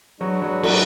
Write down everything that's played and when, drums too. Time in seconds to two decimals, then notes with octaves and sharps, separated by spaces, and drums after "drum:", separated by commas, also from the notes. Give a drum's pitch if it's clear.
0.20 F#3 G#3 D4 F#4 B4
0.42 F#3
0.63 F#3 A3, drum: cymbal